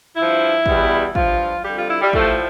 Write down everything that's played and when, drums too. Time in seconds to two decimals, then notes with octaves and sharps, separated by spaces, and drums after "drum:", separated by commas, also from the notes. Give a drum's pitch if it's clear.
0.16 G2 F3 E4
0.66 E2 B2 G3, drum: kick
1.15 G2 F3 F4, drum: kick
1.64 F2 D3 G3 G4
1.76 F4
1.89 E4
2.01 G3
2.13 A2 F3 A3, drum: kick